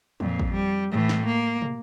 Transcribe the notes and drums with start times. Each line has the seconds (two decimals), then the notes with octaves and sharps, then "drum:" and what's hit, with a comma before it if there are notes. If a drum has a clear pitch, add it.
0.20 F2 A#2, drum: tom
0.39 drum: kick
0.52 G3
0.92 A2 E3
1.09 drum: snare
1.25 A#3
1.62 drum: tom